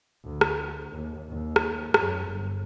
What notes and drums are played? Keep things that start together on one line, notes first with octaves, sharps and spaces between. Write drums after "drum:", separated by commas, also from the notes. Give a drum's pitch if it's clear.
D2
drum: rim click
D#2
D#2
drum: rim click
F#2, drum: rim click
G1